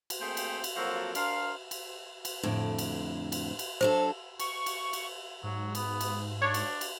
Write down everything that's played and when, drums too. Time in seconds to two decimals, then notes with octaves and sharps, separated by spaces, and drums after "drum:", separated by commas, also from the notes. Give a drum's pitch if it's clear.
0.10 drum: cymbal
0.20 A3 A#3 C4 G#4 C5 G5
0.37 drum: cymbal
0.64 drum: cymbal
0.76 F3 F#3 A#3 C4 F#4 A4
1.15 D4 A#4 C5 F5, drum: cymbal
1.71 drum: cymbal
2.25 drum: cymbal
2.43 F2 A2 D3
2.78 drum: cymbal
3.32 drum: cymbal
3.59 drum: cymbal
3.81 F#3 D4 A4 C5
4.40 C#6, drum: cymbal
4.66 drum: cymbal
4.93 drum: cymbal
5.43 G#2 F#3
5.75 B3, drum: cymbal
6.01 drum: cymbal
6.42 D4 C#5
6.54 drum: cymbal
6.81 drum: cymbal